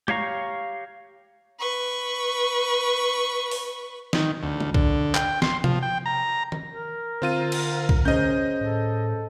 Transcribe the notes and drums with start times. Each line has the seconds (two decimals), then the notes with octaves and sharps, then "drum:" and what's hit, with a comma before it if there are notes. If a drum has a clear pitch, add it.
0.08 G4 C#5 F5 A#5 C#6, drum: tom G#3
1.60 B4 C#6
3.51 drum: open hi-hat
4.13 D#3, drum: snare
4.43 D2
4.60 drum: tom G#3
4.74 D3, drum: kick B1
5.15 G5, drum: clap
5.42 C6, drum: snare
5.64 F3, drum: tom C3
5.83 G5
6.06 A#5
6.52 drum: tom D#3
6.72 A#4
7.22 D3 C4 F4 D#7
7.52 drum: cymbal
7.89 drum: kick B1
8.05 C#4 G#4 C5 D#5 G6
8.61 A2 A4